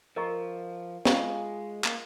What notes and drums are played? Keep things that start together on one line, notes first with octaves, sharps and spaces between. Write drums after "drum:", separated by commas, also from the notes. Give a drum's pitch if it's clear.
F3 A#4 D#5 A#5 C#6
G#3 F4 G#4 F5 C#6, drum: snare
A#3, drum: clap